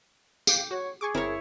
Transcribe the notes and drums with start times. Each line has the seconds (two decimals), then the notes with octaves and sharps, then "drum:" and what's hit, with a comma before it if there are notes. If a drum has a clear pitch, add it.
0.47 F5 G5 D6 G6, drum: tambourine
0.71 F#4 C#5
1.01 G#4 G#5 C#6 D6
1.15 G1 C4 E4 A#4 C#5